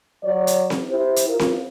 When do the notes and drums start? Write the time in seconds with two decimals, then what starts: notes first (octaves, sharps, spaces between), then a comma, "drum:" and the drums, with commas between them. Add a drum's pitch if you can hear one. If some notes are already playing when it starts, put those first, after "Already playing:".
0.24 F#3 C#5 D5
0.47 drum: hi-hat
0.70 drum: snare C4
0.90 E4 G4 C5
1.16 drum: hi-hat
1.29 F4 A#4
1.39 drum: snare C4